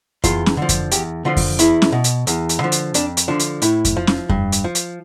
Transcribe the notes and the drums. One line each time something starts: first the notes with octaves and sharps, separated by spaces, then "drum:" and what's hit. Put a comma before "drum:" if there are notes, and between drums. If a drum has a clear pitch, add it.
E2 F4, drum: kick F2, hi-hat
drum: snare C#4
D3 F3
drum: kick F2, hi-hat
E2 G4, drum: hi-hat
D3 F3 F4
drum: kick F2, open hi-hat
E2 E4, drum: hi-hat
drum: snare C#4
B2
drum: hi-hat
E2, drum: hi-hat
drum: hi-hat
D3 F3
drum: hi-hat
F2 D4, drum: hi-hat
drum: hi-hat
D3 F3 D4
drum: hi-hat
A2 E4, drum: hi-hat
drum: kick F2, hi-hat
F3
drum: snare C#4
G2, drum: kick F2
drum: hi-hat
F3
drum: hi-hat